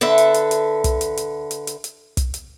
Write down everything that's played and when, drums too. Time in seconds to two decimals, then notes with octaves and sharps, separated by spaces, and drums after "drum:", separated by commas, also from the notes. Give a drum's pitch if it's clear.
0.01 D3 A4 B4 E5
0.18 drum: hi-hat
0.34 drum: hi-hat
0.51 drum: hi-hat
0.84 drum: kick, hi-hat
1.01 drum: hi-hat
1.17 drum: hi-hat
1.51 drum: hi-hat
1.67 drum: hi-hat
1.84 drum: hi-hat
2.17 drum: kick, hi-hat
2.34 drum: hi-hat